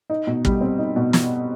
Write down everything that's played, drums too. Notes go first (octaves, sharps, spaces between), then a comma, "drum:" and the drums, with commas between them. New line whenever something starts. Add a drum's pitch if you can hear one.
D#4
B2
G3, drum: kick
C4
D#4
B2
drum: snare